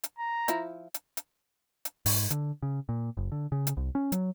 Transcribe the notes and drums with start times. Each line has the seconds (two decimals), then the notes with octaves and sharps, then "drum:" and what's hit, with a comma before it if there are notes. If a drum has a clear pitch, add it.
0.04 drum: hi-hat
0.19 A#5
0.48 F3 E4, drum: hi-hat
0.94 drum: hi-hat
1.17 drum: hi-hat
1.85 drum: hi-hat
2.06 G#2, drum: open hi-hat
2.30 D3, drum: hi-hat
2.63 C#3
2.89 A#2
3.17 F#1
3.32 D3
3.52 C#3
3.67 drum: hi-hat
3.77 C2
3.95 C#4
4.12 F#3, drum: hi-hat